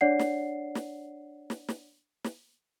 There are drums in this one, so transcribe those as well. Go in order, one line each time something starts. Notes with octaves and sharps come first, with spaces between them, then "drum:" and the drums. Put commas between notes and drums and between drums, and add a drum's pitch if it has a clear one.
D4 C#5 D5 F#5 C7
drum: snare
drum: snare
drum: snare
drum: snare
drum: snare